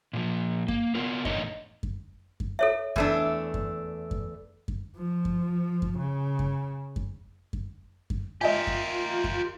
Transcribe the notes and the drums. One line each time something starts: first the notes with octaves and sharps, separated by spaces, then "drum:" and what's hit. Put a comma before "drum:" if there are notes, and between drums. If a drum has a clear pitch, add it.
A#2 E3 F3
A#3, drum: kick F#2
B3 F4 A#4
E2 A2 D3 D#4 C#5 D#5, drum: kick F#2
drum: kick F#2
drum: kick F#2
A4 C#5 E5
E2 A3 D4, drum: kick F#2
drum: kick F#2
drum: kick F#2
drum: kick F#2
F3
drum: kick F#2
drum: kick F#2
C#3
drum: kick F#2
drum: kick F#2
drum: kick F#2
drum: kick F#2
F4 G4 A#4 D#5 E5 G#5
drum: kick F#2
drum: kick F#2